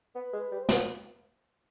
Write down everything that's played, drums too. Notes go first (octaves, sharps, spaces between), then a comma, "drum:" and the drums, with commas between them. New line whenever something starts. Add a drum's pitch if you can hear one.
B3 B4
G#3
B4
G3
C5
F3, drum: snare